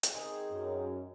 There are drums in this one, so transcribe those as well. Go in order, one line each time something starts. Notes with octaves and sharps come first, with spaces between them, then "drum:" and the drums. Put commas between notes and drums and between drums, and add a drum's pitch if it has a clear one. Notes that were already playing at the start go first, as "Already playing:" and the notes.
drum: hi-hat
D#3 C4 G#4
F#2